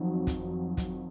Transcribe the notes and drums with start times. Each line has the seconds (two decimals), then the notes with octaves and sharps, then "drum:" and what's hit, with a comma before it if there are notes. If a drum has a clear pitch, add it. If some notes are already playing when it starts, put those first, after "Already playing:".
Already playing: F2 D#3 F#3
0.27 drum: kick, hi-hat
0.77 drum: kick, hi-hat